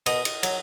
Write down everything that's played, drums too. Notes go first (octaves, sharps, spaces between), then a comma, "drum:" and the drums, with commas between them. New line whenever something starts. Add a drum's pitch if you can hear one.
B2 D#5, drum: cymbal
drum: cymbal
F#3, drum: cymbal